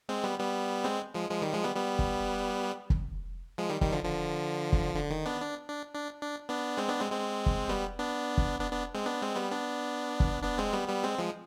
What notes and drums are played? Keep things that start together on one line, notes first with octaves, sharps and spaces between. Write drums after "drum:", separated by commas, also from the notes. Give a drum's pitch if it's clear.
G#3 C4
G3 B3
G3 B3
G#3 C4
F3 G#3
F3 G#3
D#3 G3
F3 G#3
G3 B3
G3 B3
drum: kick
drum: kick
F3 G#3
D#3 G3
D#3 G3, drum: kick
D3 F3
D3 F3
drum: kick
D3
D#3
B3 D4
D4
D4
D4
D4
B3 D4
G#3 C4
B3 D4
G#3 C4
G#3 C4
drum: kick
G3 B3
B3 D4
drum: kick
B3 D4
B3 D4
G#3 C4
B3 D4
G#3 C4
G3 B3
B3 D4
drum: kick
B3 D4
G#3 C4
G3 B3
G3 B3
G#3 C4
F3 G#3